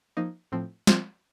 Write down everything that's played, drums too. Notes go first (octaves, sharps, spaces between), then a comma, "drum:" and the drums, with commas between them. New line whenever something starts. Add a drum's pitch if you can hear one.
F3 A#3 D#4
A2 F3 C4
F3 C4 F4, drum: snare